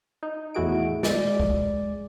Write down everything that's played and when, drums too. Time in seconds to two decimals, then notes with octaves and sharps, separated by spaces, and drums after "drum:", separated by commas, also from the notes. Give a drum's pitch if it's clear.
0.23 D#4
0.54 E2 A2 E4 F#4 G#4 D7
1.03 G#3 D5, drum: snare
1.40 drum: kick